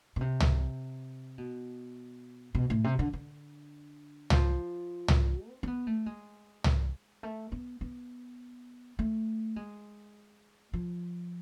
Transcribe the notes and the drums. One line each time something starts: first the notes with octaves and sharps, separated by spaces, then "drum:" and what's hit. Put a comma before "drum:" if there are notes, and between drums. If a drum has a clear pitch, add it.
B2
C3
drum: tom
B2
B2
A2
C3
D3
D3
F3, drum: tom
drum: tom
C4
C4
B3
A3
G#3
drum: tom
A3
B3
B3
A3
G#3
F3